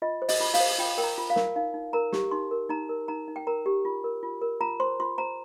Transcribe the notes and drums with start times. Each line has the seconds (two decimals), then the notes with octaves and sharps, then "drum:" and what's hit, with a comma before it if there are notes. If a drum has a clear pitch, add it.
0.02 F4 D#5
0.22 C5
0.29 D#5, drum: open hi-hat
0.40 F4
0.54 F5, drum: open hi-hat
0.60 C5
0.78 F4 G5
0.97 A#4 G5
1.04 A#5
1.18 F4
1.30 F5
1.36 A#4, drum: snare
1.56 D#4 F5
1.74 D#4
1.93 A#4 A#5
2.12 G4, drum: snare
2.31 D#4 C6
2.51 A#4
2.69 D#4 A#5
2.89 A#4
3.08 D#4 A#5
3.28 D#4
3.36 G5
3.47 A#4 A#5
3.66 G4
3.85 F4
4.04 A#4
4.23 F4
4.42 A#4
4.61 F4 A#5
4.80 C5 C6
5.00 F4 C6
5.18 C5 A#5